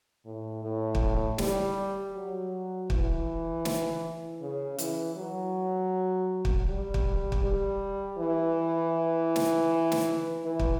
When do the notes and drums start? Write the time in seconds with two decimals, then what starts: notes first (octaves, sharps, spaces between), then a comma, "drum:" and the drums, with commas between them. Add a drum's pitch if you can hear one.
0.25 A2
0.63 A2
0.95 drum: kick
1.38 G3, drum: snare
2.14 F#3
2.90 E3, drum: kick
3.65 drum: snare
4.41 C#3
4.78 E3, drum: hi-hat
5.16 F#3
6.45 drum: kick
6.67 G3
6.94 drum: kick
7.32 drum: kick
7.42 G3
8.18 E3
9.36 drum: snare
9.92 drum: snare
10.45 E3
10.59 drum: kick